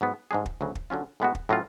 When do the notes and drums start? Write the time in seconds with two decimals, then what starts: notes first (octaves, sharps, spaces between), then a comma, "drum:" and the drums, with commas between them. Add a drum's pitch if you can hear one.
0.01 G#2 F#3 B3
0.31 G#2 G#3 D4 G#4
0.46 drum: kick
0.61 D2 C#3 F#3
0.75 drum: kick
0.90 D3 F#3 C#4 F4
1.20 A2 G#3 B3 F#4
1.35 drum: kick
1.49 A2 F#3 C#4 F4